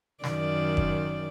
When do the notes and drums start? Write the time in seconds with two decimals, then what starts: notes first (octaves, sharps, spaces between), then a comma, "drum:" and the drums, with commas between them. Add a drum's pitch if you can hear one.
0.24 F#2 D#3 D5, drum: snare
0.77 drum: kick